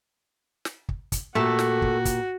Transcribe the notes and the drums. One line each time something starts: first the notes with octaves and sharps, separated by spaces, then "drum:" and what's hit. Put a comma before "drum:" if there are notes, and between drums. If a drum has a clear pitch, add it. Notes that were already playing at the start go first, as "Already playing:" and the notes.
drum: snare
drum: kick
drum: kick, hi-hat
A#2 A3 F#4 G4 A4
drum: snare
drum: kick
drum: kick, hi-hat